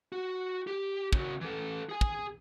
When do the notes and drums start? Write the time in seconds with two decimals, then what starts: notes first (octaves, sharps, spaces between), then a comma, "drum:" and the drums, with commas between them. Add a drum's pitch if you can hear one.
0.12 F#4
0.67 G4
1.13 C#3 F#4, drum: kick
1.41 E3 A4
1.89 G#4 G#5
2.01 drum: kick